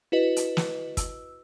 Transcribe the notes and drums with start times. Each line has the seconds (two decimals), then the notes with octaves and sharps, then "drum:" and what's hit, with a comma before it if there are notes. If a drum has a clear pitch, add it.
0.12 E4 F#4 B4 D#5
0.36 drum: hi-hat
0.57 drum: snare
0.97 E6, drum: kick, hi-hat